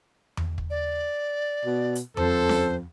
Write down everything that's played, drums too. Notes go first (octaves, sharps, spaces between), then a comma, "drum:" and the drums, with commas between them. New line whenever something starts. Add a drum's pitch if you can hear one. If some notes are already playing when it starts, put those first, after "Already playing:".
drum: tom E2
drum: kick
D5
B2
drum: hi-hat
F2 A4 C5, drum: tom E2
drum: snare C#4